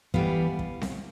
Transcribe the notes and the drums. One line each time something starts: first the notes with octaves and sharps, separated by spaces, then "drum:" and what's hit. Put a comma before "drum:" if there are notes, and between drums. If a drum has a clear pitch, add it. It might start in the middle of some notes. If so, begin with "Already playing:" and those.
E3 G3 B3 F5, drum: kick
drum: kick
drum: snare C4